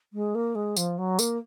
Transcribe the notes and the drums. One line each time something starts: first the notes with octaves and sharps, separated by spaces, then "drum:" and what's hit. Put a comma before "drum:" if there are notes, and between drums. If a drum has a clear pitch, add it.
G#3
A#3
G#3
F3, drum: tambourine
F#3
A#3, drum: tambourine